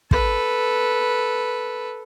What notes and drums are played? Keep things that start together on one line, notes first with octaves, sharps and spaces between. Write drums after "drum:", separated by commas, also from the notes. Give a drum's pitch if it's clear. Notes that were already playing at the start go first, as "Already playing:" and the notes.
A4 B4, drum: kick